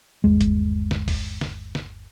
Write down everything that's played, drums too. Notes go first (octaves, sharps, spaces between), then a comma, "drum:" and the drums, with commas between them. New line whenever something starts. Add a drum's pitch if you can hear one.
G1 D#2 G#3
drum: kick F#1, hi-hat
drum: snare
drum: kick F#1, open hi-hat
drum: snare
drum: snare